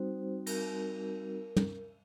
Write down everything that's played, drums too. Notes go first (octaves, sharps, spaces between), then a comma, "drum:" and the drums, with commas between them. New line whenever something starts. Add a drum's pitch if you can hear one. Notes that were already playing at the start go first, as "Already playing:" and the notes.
Already playing: G3 C4 D#4 F#4 C5
A#4, drum: cymbal
drum: tom